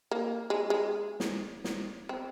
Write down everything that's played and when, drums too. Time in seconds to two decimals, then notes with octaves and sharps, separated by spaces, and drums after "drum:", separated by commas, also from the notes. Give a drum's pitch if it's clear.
0.11 A#3
0.50 G#3
0.70 G#3
1.20 drum: snare
1.64 drum: snare
2.09 C4